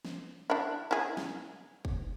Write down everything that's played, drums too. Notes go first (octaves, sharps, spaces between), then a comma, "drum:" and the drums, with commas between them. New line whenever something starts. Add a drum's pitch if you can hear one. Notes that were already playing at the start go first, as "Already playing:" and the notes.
drum: snare
D4 E4
E4 G#4
drum: snare
drum: kick